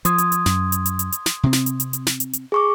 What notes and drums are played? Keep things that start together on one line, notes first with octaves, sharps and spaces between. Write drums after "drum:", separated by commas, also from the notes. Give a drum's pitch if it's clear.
F3 C6 D#6 G#6, drum: hi-hat
drum: hi-hat
drum: hi-hat
F#2, drum: snare
drum: hi-hat
drum: hi-hat
drum: hi-hat
drum: hi-hat
drum: snare
C3 C4
drum: snare
drum: hi-hat
drum: hi-hat
drum: hi-hat
drum: snare
drum: hi-hat
drum: hi-hat
G#4 C#6 D6